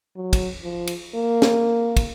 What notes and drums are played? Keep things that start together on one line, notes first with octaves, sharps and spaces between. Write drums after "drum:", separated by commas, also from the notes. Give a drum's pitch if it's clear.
F#3
drum: kick, cymbal
F3
drum: cymbal
A#3
drum: snare
drum: kick, cymbal